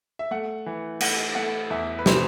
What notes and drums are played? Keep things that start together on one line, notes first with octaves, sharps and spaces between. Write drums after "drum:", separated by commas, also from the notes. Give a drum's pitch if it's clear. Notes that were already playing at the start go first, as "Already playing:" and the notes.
E5
A3 F#5
E3
A3 F#5, drum: cymbal
A3 F#5
E2 E5
B4
C3 C5, drum: snare